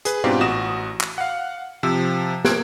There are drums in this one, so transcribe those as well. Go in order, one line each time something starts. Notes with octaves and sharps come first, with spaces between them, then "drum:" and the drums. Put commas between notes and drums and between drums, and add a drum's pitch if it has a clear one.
G#4 B4, drum: hi-hat
G#2 B2 C4 D4 F4 G4
A1 F#4 D#6 E7
drum: clap
F5 F#5
C3 F3 E6
A#3 F#6 G#6 D7, drum: snare